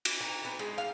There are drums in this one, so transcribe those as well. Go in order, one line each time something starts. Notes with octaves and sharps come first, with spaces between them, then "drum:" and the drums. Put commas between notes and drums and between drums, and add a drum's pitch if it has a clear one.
drum: cymbal
A#5
B3
G#3
F5